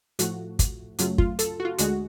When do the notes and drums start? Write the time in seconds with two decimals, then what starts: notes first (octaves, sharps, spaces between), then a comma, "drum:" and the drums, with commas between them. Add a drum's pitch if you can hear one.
0.19 A2 F3 A3 F#4, drum: hi-hat
0.59 drum: kick, hi-hat
0.99 F#2 C#3 F#3 A3 F4, drum: hi-hat
1.18 F4, drum: kick
1.39 A4, drum: hi-hat
1.60 F#4
1.65 F4
1.78 D2 D3 G#3 F#4, drum: hi-hat